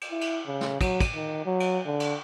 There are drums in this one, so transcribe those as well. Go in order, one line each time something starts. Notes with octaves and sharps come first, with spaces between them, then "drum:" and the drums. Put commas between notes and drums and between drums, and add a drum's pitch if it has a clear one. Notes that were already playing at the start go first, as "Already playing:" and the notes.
drum: cymbal
E4
drum: cymbal
C#3
drum: snare
F#3, drum: kick, cymbal
drum: kick, cymbal
D#3
F#3
drum: cymbal
D3
drum: cymbal